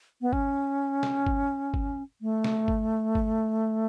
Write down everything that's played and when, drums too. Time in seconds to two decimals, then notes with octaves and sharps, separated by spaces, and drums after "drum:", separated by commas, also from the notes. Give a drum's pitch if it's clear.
0.21 B3
0.33 C#4, drum: kick G1
1.03 drum: snare
1.26 drum: kick G1
1.74 drum: kick G1
2.21 A3
2.44 drum: snare
2.68 drum: kick G1
3.15 drum: kick G1